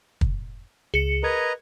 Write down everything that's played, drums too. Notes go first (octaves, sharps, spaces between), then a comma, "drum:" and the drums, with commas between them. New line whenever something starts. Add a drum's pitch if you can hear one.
drum: kick
C#2 G#4 C#7
A#4 B4 D#5 A#5 G#6